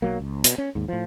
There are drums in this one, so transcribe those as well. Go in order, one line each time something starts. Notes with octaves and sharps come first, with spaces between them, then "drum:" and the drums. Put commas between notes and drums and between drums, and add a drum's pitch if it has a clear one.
B1 F#3 A#3
C#2
B2, drum: hi-hat
C#4
D#2 G#2
A2 F3